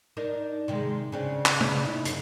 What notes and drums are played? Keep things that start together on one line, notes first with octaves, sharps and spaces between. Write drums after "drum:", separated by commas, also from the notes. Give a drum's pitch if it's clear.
D4 D#4 A#4
C3 D#3 G#3
C#3 C4 D4
drum: clap
drum: tom
D#4 E4
F#2 C#3, drum: hi-hat